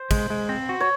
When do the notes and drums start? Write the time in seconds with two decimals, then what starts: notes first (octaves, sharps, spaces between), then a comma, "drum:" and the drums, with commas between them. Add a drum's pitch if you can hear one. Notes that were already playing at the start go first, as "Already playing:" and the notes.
Already playing: C5
0.11 G#3, drum: kick, cymbal
0.30 G#3
0.49 C4
0.69 F#4
0.81 C#5